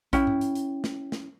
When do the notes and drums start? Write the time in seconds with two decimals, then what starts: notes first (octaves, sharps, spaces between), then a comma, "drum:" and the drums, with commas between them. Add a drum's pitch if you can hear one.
0.13 C#4 E4 G5, drum: kick A#1, hi-hat
0.27 drum: tom G2
0.41 drum: hi-hat
0.55 drum: hi-hat
0.84 drum: snare
1.12 drum: snare